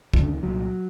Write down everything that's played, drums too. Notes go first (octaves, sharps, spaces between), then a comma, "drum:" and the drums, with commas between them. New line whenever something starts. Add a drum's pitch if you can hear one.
D2 C#3 F3, drum: kick
D3
D#3
C2 A#2 F#3